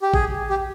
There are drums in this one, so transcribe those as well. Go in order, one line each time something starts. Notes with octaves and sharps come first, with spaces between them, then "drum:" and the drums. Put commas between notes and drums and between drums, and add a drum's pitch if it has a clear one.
G4
G#4, drum: kick A1
G4